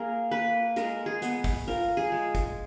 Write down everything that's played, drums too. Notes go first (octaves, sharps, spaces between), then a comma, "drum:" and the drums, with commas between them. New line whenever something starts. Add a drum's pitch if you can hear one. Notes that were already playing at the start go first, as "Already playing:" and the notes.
Already playing: A#3 G#4 A#4
A#3 B4
G#3 A#4, drum: hi-hat
G#4
B3, drum: hi-hat
drum: kick, open hi-hat
F3 A#4
G#4
G#3
drum: kick, hi-hat